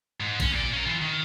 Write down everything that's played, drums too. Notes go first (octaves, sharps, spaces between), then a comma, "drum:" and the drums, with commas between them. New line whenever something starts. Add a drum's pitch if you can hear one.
G#2
C#4, drum: kick A1, cymbal
A#2 D5
C#4 A#4
E3 F4
D#3